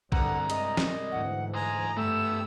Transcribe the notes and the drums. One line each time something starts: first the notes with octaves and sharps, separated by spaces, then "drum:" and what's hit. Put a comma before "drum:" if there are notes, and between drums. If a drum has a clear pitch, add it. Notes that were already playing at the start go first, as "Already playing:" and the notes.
C2 G2 D3 F#5 A#5, drum: kick A#1
G#3 D#5, drum: hi-hat
drum: snare
D2 G#2 E3 F#5
C5 D#5 G#5 A#5
G2 A3 B3 G4 E6